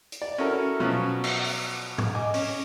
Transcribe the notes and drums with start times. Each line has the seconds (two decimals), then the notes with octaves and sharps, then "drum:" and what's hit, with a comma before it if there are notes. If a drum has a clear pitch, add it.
0.12 drum: hi-hat
0.22 D5
0.38 C#4 E4 F#4 A4 A#4
0.80 B2 F3 F#3 C#4
1.24 drum: cymbal
1.44 drum: open hi-hat
1.98 drum: tom G#2
2.15 D#5 G#5 D6
2.34 C#4, drum: open hi-hat